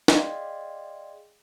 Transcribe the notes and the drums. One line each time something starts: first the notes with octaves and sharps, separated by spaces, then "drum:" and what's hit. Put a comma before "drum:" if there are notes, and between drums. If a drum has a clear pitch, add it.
G#4 D5 D#5 F5 G5 C6, drum: snare